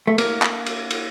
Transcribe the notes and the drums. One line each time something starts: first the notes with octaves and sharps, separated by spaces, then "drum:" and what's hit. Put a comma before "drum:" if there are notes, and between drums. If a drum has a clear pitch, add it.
A3
A#3, drum: cymbal
drum: clap
drum: cymbal
drum: cymbal